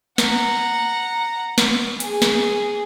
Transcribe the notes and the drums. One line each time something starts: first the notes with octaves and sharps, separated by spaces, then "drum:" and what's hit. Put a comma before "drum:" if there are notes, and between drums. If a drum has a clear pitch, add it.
F#5 A#5, drum: snare
drum: snare
G#4, drum: hi-hat
drum: snare